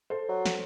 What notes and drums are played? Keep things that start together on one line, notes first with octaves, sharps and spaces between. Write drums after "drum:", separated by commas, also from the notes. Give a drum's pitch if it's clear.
A4 C5
F#3
drum: snare